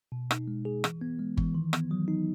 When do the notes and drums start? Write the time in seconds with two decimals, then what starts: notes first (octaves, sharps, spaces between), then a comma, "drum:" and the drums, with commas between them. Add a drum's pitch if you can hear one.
0.12 B2
0.31 D#4, drum: rim click
0.48 G#3
0.65 G#4
0.84 E3, drum: rim click
1.01 B3
1.19 G#3
1.37 E3, drum: kick G1
1.55 D#3
1.73 B3, drum: rim click
1.91 F#3
2.08 D#4